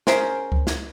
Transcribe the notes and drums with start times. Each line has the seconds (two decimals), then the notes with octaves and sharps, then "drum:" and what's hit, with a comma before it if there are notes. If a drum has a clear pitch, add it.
0.07 C#4 G#4 A#4 C5, drum: snare
0.52 drum: kick C#2
0.67 drum: snare